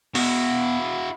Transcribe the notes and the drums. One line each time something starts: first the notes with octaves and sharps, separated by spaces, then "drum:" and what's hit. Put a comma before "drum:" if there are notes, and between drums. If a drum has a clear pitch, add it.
B2 E4 F#4, drum: open hi-hat